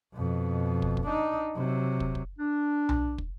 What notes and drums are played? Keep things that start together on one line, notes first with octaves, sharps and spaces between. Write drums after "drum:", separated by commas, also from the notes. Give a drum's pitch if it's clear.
F2 B2
drum: kick
drum: kick
D4 D#4
C3 F#3
drum: kick
drum: kick
D4
drum: tom B1
drum: kick